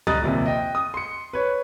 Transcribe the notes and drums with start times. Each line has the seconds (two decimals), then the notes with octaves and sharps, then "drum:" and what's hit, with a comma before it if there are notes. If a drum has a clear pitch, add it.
0.07 G3 D#5 A#5 D#6 F#6 A6, drum: tom
0.22 A#1 D#2 C3
0.46 D#5 G5
0.75 D#6
0.94 C6 C#7
1.33 B4 C#5